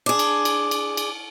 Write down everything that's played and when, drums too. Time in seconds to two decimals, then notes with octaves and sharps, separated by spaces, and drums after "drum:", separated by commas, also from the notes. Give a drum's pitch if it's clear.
0.06 D4 G#4
0.19 drum: cymbal
0.45 drum: cymbal
0.71 drum: cymbal
0.97 drum: cymbal